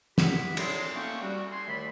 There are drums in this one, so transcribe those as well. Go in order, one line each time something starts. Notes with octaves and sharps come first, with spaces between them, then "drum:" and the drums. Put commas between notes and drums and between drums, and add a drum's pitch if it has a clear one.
E4 G4 G#4 F#5 B5, drum: snare
D4 A4 C#5 C6, drum: cymbal
A3 A#3 C#4 G5 C#6
G3 F#4
G#5 C6
D#2 D#3 A3 D5 B5